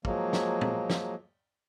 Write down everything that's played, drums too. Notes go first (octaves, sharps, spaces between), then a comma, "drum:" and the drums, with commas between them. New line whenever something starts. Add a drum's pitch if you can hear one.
F3 F#3 G#3 A#3, drum: kick
drum: snare
drum: tom A#2
drum: snare